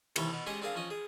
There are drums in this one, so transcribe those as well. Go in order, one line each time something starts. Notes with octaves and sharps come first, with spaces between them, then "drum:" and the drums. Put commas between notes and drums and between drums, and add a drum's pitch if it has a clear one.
D#2 C3 E3 C#5 G5, drum: cymbal
B2
G#3 C#4 G4 G#4 D#5 C#6
C4 D4 G#4 A#4 F5
F3 C#4 D#5
G#4